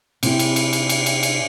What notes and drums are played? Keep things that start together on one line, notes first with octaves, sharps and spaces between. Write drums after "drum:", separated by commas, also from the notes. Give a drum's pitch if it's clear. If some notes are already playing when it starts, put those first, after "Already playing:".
C3 E4, drum: cymbal
drum: cymbal
drum: cymbal
drum: cymbal
drum: cymbal
drum: cymbal
drum: cymbal